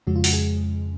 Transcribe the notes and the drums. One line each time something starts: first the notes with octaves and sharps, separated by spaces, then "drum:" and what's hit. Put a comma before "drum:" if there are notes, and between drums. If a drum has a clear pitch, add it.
F2 C#3 F3 G#3 C#4 F#4
F4
F#4, drum: open hi-hat
G#4